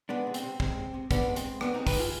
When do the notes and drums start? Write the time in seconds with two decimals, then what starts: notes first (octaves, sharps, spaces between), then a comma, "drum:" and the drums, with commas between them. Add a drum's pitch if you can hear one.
0.09 G#3 B3 D4
0.27 C3
0.34 C4, drum: hi-hat
0.43 C3
0.60 G#3 C4, drum: kick
0.77 C3
0.94 C3
1.11 C3 B3 D4, drum: kick, hi-hat
1.28 G#3
1.36 C4, drum: hi-hat
1.44 G#3
1.61 C3 B3 D4, drum: rim click
1.74 G#3 C4 D#4
1.87 G4 B4, drum: kick, open hi-hat
1.96 G#3 F4 G#4